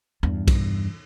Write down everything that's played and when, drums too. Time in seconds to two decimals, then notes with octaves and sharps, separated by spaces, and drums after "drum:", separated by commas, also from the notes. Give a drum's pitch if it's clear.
0.23 E2 G2
0.48 drum: kick B1, cymbal